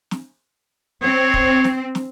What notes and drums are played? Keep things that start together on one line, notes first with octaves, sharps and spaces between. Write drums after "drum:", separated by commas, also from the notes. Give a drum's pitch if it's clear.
drum: snare
C4 C#5
drum: kick
drum: snare
drum: snare